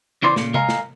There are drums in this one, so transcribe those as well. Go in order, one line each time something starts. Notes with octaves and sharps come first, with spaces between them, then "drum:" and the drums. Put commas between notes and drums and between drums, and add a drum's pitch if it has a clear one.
C#3 E3 B3 C5 D5
A#2 C#3, drum: snare
A#4 D#5 F5 G#5 A#5, drum: tom C3
drum: snare